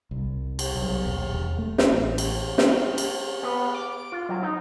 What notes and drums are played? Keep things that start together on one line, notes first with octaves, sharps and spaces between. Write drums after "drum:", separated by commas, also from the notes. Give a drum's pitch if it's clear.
C2
drum: cymbal
B1
D#1
E1
A3
drum: snare
A1
drum: cymbal
drum: snare
drum: cymbal
B3
D6
D7
F4
F#3
D#4